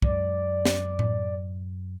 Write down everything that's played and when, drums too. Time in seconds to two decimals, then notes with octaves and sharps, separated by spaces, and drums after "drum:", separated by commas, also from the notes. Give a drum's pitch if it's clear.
0.02 F#2 G#3 D5, drum: kick
0.65 drum: snare
0.99 drum: tom A2